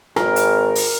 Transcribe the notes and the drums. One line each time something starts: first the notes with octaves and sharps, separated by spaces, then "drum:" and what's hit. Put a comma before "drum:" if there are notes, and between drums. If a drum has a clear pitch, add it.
G#1 A#4, drum: rim click
drum: hi-hat
drum: open hi-hat